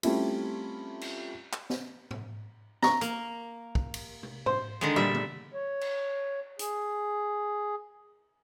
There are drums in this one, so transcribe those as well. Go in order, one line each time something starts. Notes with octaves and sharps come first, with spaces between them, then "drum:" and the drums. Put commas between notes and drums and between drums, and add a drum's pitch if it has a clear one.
G3 A3 C4 C#4 E4 F4, drum: cymbal
drum: cymbal
drum: clap
drum: snare
drum: tom G#2
A#5 C#6, drum: snare
A#3, drum: hi-hat
drum: kick
drum: cymbal
drum: tom C3
C5, drum: tom G#2
D3 D#3 G#3
A#2 G3 E5
drum: tom
C#5
drum: cymbal
G#4, drum: hi-hat